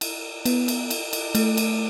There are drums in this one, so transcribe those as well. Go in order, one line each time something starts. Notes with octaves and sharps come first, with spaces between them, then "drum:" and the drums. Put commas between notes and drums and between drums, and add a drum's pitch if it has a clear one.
drum: cymbal
B3, drum: cymbal
drum: cymbal
drum: cymbal
drum: cymbal
A3, drum: cymbal
drum: cymbal